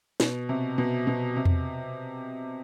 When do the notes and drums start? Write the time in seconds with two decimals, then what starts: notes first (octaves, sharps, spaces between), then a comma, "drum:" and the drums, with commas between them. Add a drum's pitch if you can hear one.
0.20 B2, drum: snare
0.49 C3
0.78 B2
1.07 B2
1.36 C3
1.45 drum: tom E2